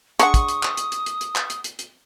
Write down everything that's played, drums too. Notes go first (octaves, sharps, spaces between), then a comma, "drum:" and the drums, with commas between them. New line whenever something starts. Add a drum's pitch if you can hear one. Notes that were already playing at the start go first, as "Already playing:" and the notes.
G#3 D4 F#5 C#6 D#6, drum: hi-hat
drum: kick, hi-hat
drum: hi-hat
drum: clap
drum: hi-hat
drum: hi-hat
drum: hi-hat
drum: hi-hat
drum: clap
drum: hi-hat
drum: hi-hat
drum: hi-hat